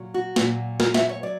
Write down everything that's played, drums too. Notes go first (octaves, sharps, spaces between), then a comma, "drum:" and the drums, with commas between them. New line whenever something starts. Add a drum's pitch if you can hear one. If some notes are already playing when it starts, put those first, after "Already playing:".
Already playing: A#2 F#3
F#4
A#2 F#3, drum: snare
A#4, drum: snare
E5, drum: snare
C#5
F#3 D5